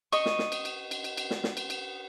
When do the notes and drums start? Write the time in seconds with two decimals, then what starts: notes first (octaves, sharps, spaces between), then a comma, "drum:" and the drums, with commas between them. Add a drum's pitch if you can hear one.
0.13 D#5 C#6, drum: cymbal
0.26 drum: snare
0.39 drum: snare
0.52 drum: cymbal
0.65 drum: cymbal
0.91 drum: cymbal
1.04 drum: cymbal
1.17 drum: cymbal
1.31 drum: snare
1.44 drum: snare
1.57 drum: cymbal
1.70 drum: cymbal